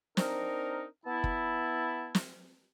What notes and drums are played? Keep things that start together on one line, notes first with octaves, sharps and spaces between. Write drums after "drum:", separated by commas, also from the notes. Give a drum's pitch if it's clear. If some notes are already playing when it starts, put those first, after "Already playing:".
C4 D4 D#4 A#4, drum: snare
B3 E4 A5
drum: kick
drum: snare